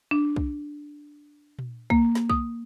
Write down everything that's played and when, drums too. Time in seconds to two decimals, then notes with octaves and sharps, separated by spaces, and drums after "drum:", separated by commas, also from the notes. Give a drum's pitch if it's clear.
0.11 D4
0.36 drum: kick
1.59 drum: tom A#2
1.90 A#3, drum: kick
2.15 drum: snare
2.30 D#6, drum: kick